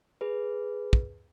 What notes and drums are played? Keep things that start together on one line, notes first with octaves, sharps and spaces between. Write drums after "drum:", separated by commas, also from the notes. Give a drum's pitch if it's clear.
G#4 B4
drum: kick